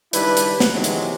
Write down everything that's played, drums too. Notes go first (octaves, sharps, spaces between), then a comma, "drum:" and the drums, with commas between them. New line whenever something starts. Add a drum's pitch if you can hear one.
C#2 D#3 G3 D4 E4 B4, drum: hi-hat
drum: hi-hat
drum: snare
C3 D#3 E3 F#3 G#3
drum: hi-hat